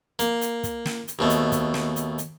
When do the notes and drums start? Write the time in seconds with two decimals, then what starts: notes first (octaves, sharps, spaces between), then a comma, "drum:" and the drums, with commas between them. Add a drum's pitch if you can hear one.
0.19 A#3, drum: hi-hat
0.41 drum: hi-hat
0.63 drum: kick, hi-hat
0.86 drum: snare
1.08 drum: hi-hat
1.19 D#2 B2 A3
1.30 drum: hi-hat
1.52 drum: kick, hi-hat
1.74 drum: snare
1.96 drum: hi-hat
2.18 drum: hi-hat